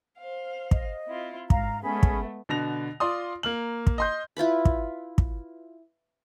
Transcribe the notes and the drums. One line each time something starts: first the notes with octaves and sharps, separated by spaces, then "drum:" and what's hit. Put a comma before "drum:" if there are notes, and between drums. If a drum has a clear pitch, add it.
C5 F5
D#5, drum: kick
C4 E4 F4
G#2 F5 A#5, drum: kick
G#3 A3 B3 C#4 G#4 B5
drum: kick
B2 D3 A#6 F7
F4 D5 C6 D#6
A#3 F6 F#7
drum: kick
D#5 C6 G6
E4 F4 B4 B5
drum: kick
drum: kick